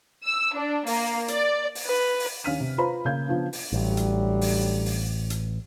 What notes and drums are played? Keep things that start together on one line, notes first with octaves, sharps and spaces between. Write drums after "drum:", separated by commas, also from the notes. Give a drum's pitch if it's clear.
E6
D4
A#3, drum: open hi-hat
D5, drum: hi-hat
drum: open hi-hat
B4
drum: open hi-hat
D#2 C#4 F5 F6 B6 D#7
C3
F4 B4 C5 A#5 B5
C#3 A#3 G6 G#6
C#3 F3 B3 D4
drum: open hi-hat
A1 D3 F#3 G3
drum: hi-hat
drum: open hi-hat
drum: open hi-hat
drum: hi-hat